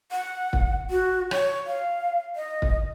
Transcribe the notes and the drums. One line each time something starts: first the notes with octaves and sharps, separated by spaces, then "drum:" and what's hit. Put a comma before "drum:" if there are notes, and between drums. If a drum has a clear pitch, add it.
F#5
drum: kick
F#4
C#5, drum: rim click
F5
D#5
drum: kick